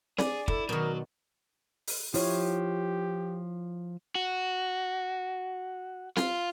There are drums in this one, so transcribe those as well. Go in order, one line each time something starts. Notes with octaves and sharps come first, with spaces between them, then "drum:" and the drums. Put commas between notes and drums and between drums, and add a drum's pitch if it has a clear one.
G#4 D5, drum: snare C4
E4 A4, drum: kick
B2 D#3 F#3 A#4
drum: open hi-hat
F3 E4 F4 G4 C#5, drum: open hi-hat
F#4
F4, drum: snare C4